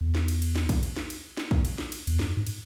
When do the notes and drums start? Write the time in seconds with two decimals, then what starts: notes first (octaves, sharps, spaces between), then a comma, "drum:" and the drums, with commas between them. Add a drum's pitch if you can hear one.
0.01 E2
0.15 drum: snare
0.28 drum: cymbal
0.42 drum: cymbal
0.56 drum: snare
0.69 drum: kick, cymbal
0.83 drum: cymbal
0.96 drum: snare
1.10 drum: cymbal
1.37 drum: snare
1.51 drum: kick
1.65 drum: cymbal
1.78 drum: snare
1.92 drum: cymbal
2.07 E2, drum: cymbal
2.19 F#2, drum: snare
2.37 G#2
2.47 drum: cymbal